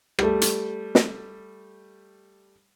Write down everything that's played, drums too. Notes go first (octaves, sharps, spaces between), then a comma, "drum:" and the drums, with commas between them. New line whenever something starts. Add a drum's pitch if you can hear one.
G3 A3, drum: rim click
drum: hi-hat
drum: snare